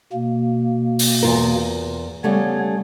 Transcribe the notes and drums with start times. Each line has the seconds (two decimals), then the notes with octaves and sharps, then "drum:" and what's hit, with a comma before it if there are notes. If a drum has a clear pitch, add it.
0.13 B2 A#3
0.99 drum: open hi-hat
1.23 E2 F4 A#4
2.24 C#3 G3 A3 B3 C#5